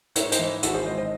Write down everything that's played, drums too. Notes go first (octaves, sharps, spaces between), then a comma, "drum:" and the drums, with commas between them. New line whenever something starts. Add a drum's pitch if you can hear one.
G#2 C#5 E5, drum: hi-hat
C5 D#5, drum: hi-hat
E3
G#1 F#4 A4, drum: hi-hat
G#4 C5
G#3 C5 D#5
C5 D#5